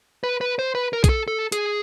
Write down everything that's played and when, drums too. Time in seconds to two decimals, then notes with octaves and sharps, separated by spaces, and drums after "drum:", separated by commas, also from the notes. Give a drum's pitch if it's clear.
0.24 B4
0.41 B4
0.59 C5
0.75 B4
0.93 A#4
1.04 G#4, drum: kick, hi-hat
1.09 A4
1.28 A4
1.52 G#4, drum: hi-hat